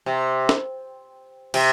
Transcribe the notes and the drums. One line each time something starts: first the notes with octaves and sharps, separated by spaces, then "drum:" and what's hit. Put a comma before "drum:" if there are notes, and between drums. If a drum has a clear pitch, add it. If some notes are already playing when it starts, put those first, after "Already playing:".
C3
drum: snare
C3, drum: cymbal